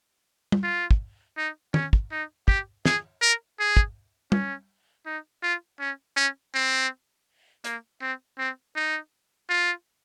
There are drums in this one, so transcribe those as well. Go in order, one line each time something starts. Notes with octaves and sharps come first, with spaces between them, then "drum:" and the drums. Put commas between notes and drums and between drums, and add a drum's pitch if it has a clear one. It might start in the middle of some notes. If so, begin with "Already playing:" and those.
drum: tom
F4
drum: kick
D#4
C#4, drum: tom
drum: kick
D#4
G4, drum: kick
G#4, drum: snare
A#4
G#4
drum: kick
C#4, drum: tom
D#4
F4
C#4
C#4
C4
A#3, drum: hi-hat
C4
C4
D#4
F4